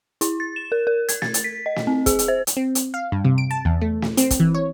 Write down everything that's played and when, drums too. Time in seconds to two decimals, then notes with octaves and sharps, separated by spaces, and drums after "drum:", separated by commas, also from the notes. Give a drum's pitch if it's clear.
0.21 E4, drum: hi-hat
0.40 A6
0.56 E7
0.72 A#4
0.87 A#4
1.09 G#6, drum: hi-hat
1.22 A6, drum: snare
1.34 drum: hi-hat
1.44 B6
1.66 D#5
1.76 drum: snare
1.87 C4
2.06 G#4, drum: kick, hi-hat
2.19 drum: hi-hat
2.28 C5
2.47 drum: hi-hat
2.57 C4
2.75 drum: hi-hat
2.94 F5
3.12 G2
3.25 C3
3.38 D7
3.51 A5
3.65 E2
3.82 A3
4.02 drum: snare
4.17 C4, drum: hi-hat
4.30 drum: kick, hi-hat
4.40 E3
4.54 C#5